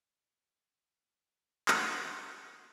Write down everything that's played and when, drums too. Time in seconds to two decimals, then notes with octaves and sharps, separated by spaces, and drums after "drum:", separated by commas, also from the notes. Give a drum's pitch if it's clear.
1.68 F#5, drum: clap